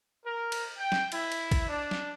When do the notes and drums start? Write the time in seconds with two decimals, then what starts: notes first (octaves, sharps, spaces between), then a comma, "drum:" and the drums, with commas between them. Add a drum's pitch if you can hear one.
0.24 A#4
0.52 drum: cymbal
0.77 G5
0.92 drum: snare
1.12 E4, drum: cymbal
1.32 drum: cymbal
1.51 drum: kick A1, cymbal
1.67 D4
1.91 drum: snare